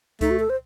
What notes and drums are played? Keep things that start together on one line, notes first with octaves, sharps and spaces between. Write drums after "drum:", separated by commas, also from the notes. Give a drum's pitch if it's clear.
A3 D#4, drum: kick C#2, hi-hat
F#4
A4
C5